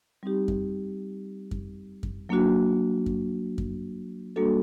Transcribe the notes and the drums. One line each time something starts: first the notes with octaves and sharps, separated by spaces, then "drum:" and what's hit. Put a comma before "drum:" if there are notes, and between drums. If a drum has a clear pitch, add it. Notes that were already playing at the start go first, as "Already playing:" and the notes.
G3 C4 D#4 G4
drum: kick F#2
drum: kick F#2
drum: kick F#2
F#3 A#3 D4 F#4
drum: kick F#2
drum: kick F#2
G3 A#3 D4 F#4 A4